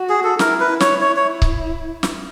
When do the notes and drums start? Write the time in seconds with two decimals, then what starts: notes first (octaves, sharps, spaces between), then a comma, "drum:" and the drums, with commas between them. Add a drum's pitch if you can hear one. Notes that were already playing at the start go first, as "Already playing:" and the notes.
Already playing: F#4
0.09 G#4
0.24 A4
0.39 E4 A#4, drum: snare
0.60 B4
0.71 E4
0.80 C#5, drum: snare
1.01 C#5
1.16 C#5
1.42 drum: kick C#1
2.03 drum: snare